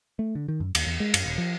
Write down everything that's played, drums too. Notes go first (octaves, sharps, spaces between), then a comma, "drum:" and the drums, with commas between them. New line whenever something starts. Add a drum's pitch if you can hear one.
A3
D3
D#3
F#2
D#2, drum: cymbal
E2
G#3
F#2, drum: cymbal
D#1
F3